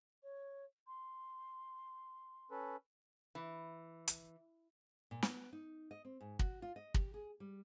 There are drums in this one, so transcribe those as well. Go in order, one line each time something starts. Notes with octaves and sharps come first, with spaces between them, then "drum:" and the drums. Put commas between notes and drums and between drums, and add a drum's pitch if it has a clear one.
C#5
C6
C#4 A4 B4
E3
drum: hi-hat
A#2
B3, drum: snare
D#4
D#5
C4
G#2
F#4, drum: kick
F4
D#5
G4, drum: kick
G#4
G3